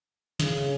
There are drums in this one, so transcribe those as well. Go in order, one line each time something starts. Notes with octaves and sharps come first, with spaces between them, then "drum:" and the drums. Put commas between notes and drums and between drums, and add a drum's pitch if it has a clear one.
C#3, drum: snare